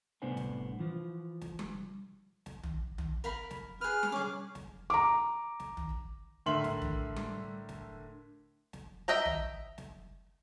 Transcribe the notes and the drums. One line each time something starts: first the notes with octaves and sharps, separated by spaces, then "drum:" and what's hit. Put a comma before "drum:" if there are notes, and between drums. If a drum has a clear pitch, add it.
C2 A2 B3 D4 C5 G#5
drum: snare
E3 F3
drum: snare
drum: tom G3
drum: snare
drum: tom
drum: tom
A#4 F5 B5
drum: snare
G#4 B4 F6
drum: tom G3
C#4 G#4 D6
drum: snare
A#5 D6
drum: snare
drum: tom
A2 D3 A#4 E5 C6 F#7
drum: snare
drum: tom
drum: tom G3
drum: snare
drum: snare
D#5 E5 G5 A#5
drum: tom
drum: snare